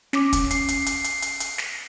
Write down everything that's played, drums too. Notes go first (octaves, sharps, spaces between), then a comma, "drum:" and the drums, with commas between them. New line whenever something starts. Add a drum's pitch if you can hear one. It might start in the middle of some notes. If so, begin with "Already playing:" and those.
C#4 D6, drum: snare
drum: kick, hi-hat
C7, drum: hi-hat
drum: hi-hat
drum: hi-hat
drum: hi-hat
drum: hi-hat
drum: hi-hat
drum: snare